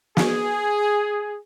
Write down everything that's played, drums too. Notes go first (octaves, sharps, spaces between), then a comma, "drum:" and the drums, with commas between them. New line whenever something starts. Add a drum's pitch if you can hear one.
G#4, drum: snare